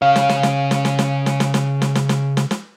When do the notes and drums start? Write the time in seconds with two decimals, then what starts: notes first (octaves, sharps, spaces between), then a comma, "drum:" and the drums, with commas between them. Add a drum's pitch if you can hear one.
0.02 C#3 C#5 F5
0.16 drum: snare
0.29 drum: snare
0.43 drum: snare
0.71 drum: snare
0.85 drum: snare
0.99 drum: snare
1.26 drum: snare
1.40 drum: snare
1.54 drum: snare
1.82 drum: snare
1.95 drum: snare
2.09 drum: snare
2.37 drum: snare
2.51 drum: snare